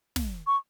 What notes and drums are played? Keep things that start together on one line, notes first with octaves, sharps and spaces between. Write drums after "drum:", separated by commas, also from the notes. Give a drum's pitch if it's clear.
drum: snare
C#6